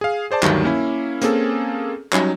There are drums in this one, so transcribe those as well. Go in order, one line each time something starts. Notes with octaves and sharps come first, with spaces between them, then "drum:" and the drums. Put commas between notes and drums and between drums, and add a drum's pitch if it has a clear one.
G#4 F5
G#4 C5 D5 A5
D2 G2 D#3 F#3 G3, drum: clap
A#3 C#4 E4
A#3 C4 C#4 G#4 A4, drum: hi-hat
F#3 G3 C#4 D#4, drum: clap